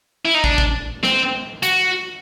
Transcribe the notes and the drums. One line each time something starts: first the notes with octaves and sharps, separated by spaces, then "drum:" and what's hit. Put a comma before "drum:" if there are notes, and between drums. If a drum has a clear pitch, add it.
E4
D#4
D4, drum: kick
drum: kick
C4, drum: snare
F#4, drum: hi-hat